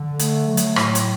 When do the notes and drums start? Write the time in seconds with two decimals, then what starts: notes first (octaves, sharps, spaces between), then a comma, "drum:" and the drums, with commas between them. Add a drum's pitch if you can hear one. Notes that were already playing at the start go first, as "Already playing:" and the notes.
Already playing: D3
0.19 A3, drum: hi-hat
0.47 F#3
0.57 drum: hi-hat
0.76 A2, drum: rim click
0.95 drum: hi-hat